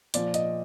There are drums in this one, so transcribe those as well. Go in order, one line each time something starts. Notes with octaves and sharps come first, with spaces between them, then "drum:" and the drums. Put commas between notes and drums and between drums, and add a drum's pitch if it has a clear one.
A#2 F3 D5, drum: hi-hat
D#5, drum: hi-hat